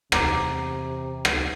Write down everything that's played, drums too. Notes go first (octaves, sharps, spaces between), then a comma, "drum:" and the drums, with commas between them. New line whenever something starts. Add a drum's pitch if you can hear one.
E2 C3 A#5 D6, drum: rim click
drum: rim click